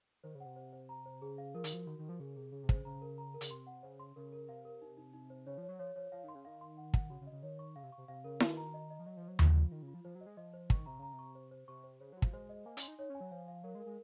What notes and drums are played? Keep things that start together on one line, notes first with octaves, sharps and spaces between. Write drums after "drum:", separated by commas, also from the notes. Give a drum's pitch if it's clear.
D#3 C5
C#3
F#5
C3
C5
C5
A#5
C5
C#3 G#4
F5
F3 A#4
D#3, drum: hi-hat
F3 F#4
D#3 F#4
D#3 A#4
F3
C#3 G#4
C3 G#4
C#3 G#4
C3
C5, drum: kick
C#3
C#3 A#5
A#4
A#5
A#4
C#3, drum: hi-hat
C3 C6
F#5
C#3 C5
C6
C#3 A#4
A#4
C3 F5
A#4
D#4
D#4
D#4
C5
C#3 C#5
F3
C#5
F#3
F3 C#5
F3 C#5
F3 F5
D#3 C6
C#3
D#3 F5
C6
F#5
F#5, drum: kick
C#3 F#4
C#3
D#5
C#3
D#3 C#5
C#6
C#3 F5
C3
C#6
C3
C3 F5
C#3 A#4
D#3 F#4, drum: snare E4
A#5
D#5
D#5
F3
F#3 D#5
F3
C5
F#3
F3 F4, drum: tom D#2
F4
D#3 F4
C#3
F4
F3
F3 C5
F#3
D#5
G#3
F3 D#5
C5
D#3 C#6, drum: kick
C3 A#5
C#3 A#5
C3
C#6
C5
C5
C3 C#6
C5
C#3 C5
F#3 F#4
F3, drum: kick
G#3 C5
D#5
A#3 G#5
C#4, drum: hi-hat
C6
D#4
D#4 C#5
C#4
G#5
F#3
F3 F5
F5
F#3 A#4
G#3
A#4
G#3